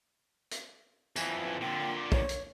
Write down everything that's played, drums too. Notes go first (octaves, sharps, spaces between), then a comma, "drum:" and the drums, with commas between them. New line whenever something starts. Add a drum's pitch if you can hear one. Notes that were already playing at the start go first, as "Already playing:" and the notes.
drum: hi-hat
F2 E3 G#5, drum: tambourine
A#2 D3 G5
C#5, drum: kick
drum: hi-hat